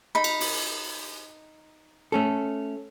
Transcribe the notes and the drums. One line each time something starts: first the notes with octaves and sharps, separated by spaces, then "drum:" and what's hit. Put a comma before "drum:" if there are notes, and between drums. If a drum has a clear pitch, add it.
D#4 B5
drum: cymbal
drum: open hi-hat
A3 C#4 A4